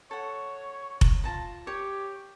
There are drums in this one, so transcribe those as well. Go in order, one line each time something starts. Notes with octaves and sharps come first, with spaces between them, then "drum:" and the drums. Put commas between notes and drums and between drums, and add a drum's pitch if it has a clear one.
A4 C#5 F#5
drum: kick F1
F4 A5 A#5
G4 C#5